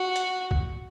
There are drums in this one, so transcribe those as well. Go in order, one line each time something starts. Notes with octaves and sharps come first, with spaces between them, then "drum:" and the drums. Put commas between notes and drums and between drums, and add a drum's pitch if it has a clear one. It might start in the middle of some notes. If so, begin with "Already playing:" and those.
Already playing: F#4
drum: hi-hat
drum: kick